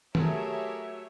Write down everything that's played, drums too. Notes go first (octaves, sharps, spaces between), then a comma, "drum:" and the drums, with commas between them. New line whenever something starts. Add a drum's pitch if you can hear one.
F#3 A3 G4 G#4 A#4 C#5 E5, drum: tom